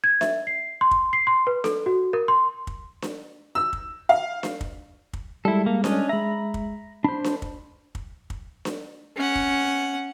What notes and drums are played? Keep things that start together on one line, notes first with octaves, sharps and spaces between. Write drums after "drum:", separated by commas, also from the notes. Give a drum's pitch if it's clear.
G#6
E5, drum: snare D4
C7
C6
drum: kick
C7
C6
B4
A4, drum: snare D4
F#4
A#4
C6
drum: kick
drum: snare D4
E6
drum: kick
F5
drum: snare D4
drum: kick
drum: kick
G3 G#3 E4 A4
A#3
C#4 D4 D#5, drum: snare D4
G#3 E5 A#5 B5
drum: kick
D4 C5 B5
drum: snare D4
drum: kick
drum: kick
drum: kick
drum: snare D4
C#4 F#5
drum: kick